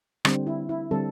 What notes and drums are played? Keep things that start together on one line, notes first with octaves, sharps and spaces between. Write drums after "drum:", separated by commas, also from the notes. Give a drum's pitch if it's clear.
D3 G3 C4, drum: rim click
E4
E4
D3 G3 C4 A4